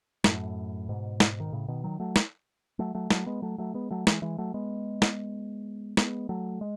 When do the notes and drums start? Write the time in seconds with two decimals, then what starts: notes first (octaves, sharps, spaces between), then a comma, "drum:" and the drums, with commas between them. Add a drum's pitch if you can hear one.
0.24 F#2 A2, drum: snare
0.89 G#2 B2
1.20 drum: snare
1.40 D#3
1.52 A2 C#3
1.68 B2 D#3
1.84 D#3 F#3
2.00 F#3 A3
2.16 drum: snare
2.79 F#3 A3
2.95 F#3 A3
3.10 F#3 A3, drum: snare
3.26 G#3 B3
3.42 F#3 A3
3.58 F#3 A3
3.74 G#3 B3
3.90 F#3 A3
4.07 E3 G#3, drum: snare
4.22 E3 G#3
4.38 F#3 A3
4.54 G#3 B3
5.02 drum: snare
5.97 G#3 B3, drum: snare
6.29 F#3 A3
6.61 G#3